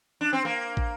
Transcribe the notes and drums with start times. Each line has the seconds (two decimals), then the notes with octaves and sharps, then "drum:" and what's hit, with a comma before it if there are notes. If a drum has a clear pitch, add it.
0.21 D4
0.33 C4
0.45 A#3
0.77 drum: kick